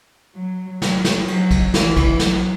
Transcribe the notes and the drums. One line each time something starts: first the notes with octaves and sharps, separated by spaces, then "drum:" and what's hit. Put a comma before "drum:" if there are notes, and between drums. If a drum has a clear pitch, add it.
F#3
F#3, drum: snare
drum: snare
F#3, drum: cymbal
drum: kick A#1, cymbal
E3, drum: snare
drum: kick A#1, cymbal
F#3, drum: snare